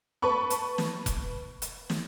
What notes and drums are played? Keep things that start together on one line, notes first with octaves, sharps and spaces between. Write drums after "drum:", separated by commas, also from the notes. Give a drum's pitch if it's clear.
B4 A5 B5 C#6
drum: hi-hat
drum: snare
drum: kick F1, hi-hat
drum: hi-hat
drum: snare